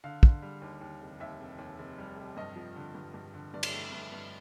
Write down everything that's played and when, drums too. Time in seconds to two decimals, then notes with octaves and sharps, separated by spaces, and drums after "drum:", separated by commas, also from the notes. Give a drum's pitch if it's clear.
0.04 D3 F5
0.23 D3, drum: kick
0.42 G3
0.62 D#2
0.81 D#2
1.01 F1
1.20 D#2 E5
1.40 F1
1.59 D#2
1.79 F1
1.98 G3
2.17 F1
2.37 G2 D#5
2.56 F3
2.76 D3
2.95 G2
3.14 G2
3.34 D3
3.54 G2 D5
3.63 drum: cymbal
3.73 A3
3.92 G2
4.12 G2